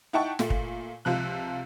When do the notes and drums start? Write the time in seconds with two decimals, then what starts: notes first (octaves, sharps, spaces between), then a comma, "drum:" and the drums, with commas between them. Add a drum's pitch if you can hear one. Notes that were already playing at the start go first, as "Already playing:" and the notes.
0.13 D#4 E4 F#5 G5 A5 C#6
0.39 A#2 A3, drum: snare
0.50 drum: kick
1.05 C#2 C3 F3 F#6